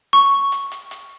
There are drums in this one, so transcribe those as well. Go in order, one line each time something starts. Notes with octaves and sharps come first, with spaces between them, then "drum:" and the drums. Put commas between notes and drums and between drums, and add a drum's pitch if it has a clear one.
C#6
drum: hi-hat
drum: hi-hat
drum: hi-hat